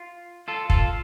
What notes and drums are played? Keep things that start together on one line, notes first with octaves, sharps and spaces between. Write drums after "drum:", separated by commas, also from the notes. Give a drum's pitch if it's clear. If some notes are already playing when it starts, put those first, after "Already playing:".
Already playing: F4
F4 A4
F4 A4, drum: kick